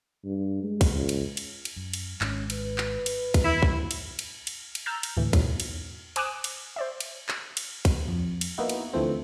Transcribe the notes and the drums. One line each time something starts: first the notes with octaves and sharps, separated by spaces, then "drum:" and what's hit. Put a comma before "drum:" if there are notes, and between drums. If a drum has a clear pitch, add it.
G2
G#3
drum: kick, cymbal
C#2
drum: cymbal
drum: cymbal
drum: cymbal
F#2
drum: cymbal
G#1 G#2 C#4, drum: clap
B4, drum: cymbal
drum: clap
drum: cymbal
drum: kick, cymbal
E2 E4
drum: kick
drum: cymbal
drum: cymbal
drum: cymbal
drum: cymbal
A#5 E6 F6 G6 A6
drum: cymbal
D2 A2 E3
E2 G#2 B2 F#3, drum: kick, cymbal
drum: cymbal
C5 G#5 D6 D#6 F#6 E7, drum: cymbal
drum: cymbal
C5 D5 E5
drum: cymbal
drum: clap
drum: cymbal
drum: kick, cymbal
F2
drum: cymbal
A#3 B3 D#4 E4 F#4
drum: cymbal
D2 E3 F3 A3 C4